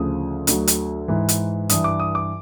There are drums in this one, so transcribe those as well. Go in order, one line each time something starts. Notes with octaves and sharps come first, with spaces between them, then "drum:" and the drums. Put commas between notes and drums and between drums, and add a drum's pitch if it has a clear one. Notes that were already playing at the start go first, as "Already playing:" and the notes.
Already playing: D2 C#3 F3 D#6
D2 D3 F#3, drum: hi-hat
drum: hi-hat
G#2 E3
drum: hi-hat
G2 E3 D#6, drum: hi-hat
D6
D#6
D6